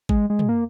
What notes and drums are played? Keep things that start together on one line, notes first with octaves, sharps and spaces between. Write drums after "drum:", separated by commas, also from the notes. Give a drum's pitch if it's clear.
G#3, drum: kick G#1
G#3
drum: tom
A#3